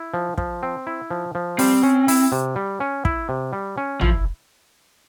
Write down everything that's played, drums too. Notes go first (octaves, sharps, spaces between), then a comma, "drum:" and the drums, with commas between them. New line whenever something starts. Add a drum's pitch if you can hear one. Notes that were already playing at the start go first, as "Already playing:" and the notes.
Already playing: E4
F3
F3, drum: kick
C4
E4
F3
F3
G3 C4, drum: open hi-hat
C#4
E4, drum: open hi-hat
C3
G3
C#4
E4, drum: kick
C3
G3
C#4
F3 E4, drum: tom